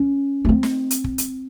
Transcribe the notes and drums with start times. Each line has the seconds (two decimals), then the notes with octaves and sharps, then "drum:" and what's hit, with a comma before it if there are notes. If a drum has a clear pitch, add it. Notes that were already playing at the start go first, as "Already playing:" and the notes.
Already playing: C#4
0.45 A3
0.49 C4
0.63 drum: snare
0.91 drum: hi-hat
1.04 drum: kick
1.18 drum: hi-hat